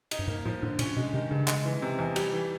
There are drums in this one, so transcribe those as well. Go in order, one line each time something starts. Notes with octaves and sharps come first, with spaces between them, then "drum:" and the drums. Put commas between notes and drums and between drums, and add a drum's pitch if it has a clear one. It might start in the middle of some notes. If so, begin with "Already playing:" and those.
D#4, drum: cymbal
G2
G#2 A#3
A2 F3
A2 D3
A#2 C#4, drum: cymbal
B2 G#3
C3 D#3
G2 C#3
G#3, drum: clap
E3
C3
E2
G3, drum: cymbal
E3